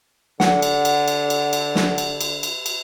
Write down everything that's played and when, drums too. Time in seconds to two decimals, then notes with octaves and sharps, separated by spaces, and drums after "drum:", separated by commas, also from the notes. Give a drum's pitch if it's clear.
0.40 D3 F#5, drum: snare
0.62 drum: cymbal
0.85 drum: cymbal
1.08 drum: cymbal
1.30 drum: cymbal
1.53 drum: cymbal
1.75 drum: snare
1.98 drum: cymbal
2.21 drum: cymbal
2.43 drum: cymbal
2.66 drum: cymbal